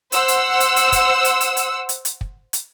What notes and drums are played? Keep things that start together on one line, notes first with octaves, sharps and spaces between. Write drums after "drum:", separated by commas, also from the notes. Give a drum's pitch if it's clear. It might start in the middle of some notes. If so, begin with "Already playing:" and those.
C5 F#5 E6, drum: hi-hat
drum: hi-hat
drum: hi-hat
drum: hi-hat
drum: kick, hi-hat
drum: hi-hat
drum: hi-hat
drum: hi-hat
drum: hi-hat
drum: hi-hat
drum: kick
drum: hi-hat